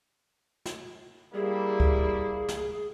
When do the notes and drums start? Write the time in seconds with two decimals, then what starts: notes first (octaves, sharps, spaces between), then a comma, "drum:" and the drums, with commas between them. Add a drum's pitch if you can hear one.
0.66 drum: snare
1.34 G3 A#3 E4 G#4
1.80 drum: kick C#2
2.49 drum: snare